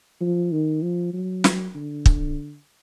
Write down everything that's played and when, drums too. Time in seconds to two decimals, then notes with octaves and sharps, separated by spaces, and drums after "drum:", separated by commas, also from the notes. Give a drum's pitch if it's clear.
0.21 F3
0.52 D#3
0.82 F3
1.14 F#3
1.44 drum: snare
1.75 D3
2.06 drum: kick